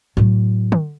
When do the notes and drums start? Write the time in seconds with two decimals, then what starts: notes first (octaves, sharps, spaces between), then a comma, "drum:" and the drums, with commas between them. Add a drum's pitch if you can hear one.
0.17 A2 F#3
0.72 drum: tom D3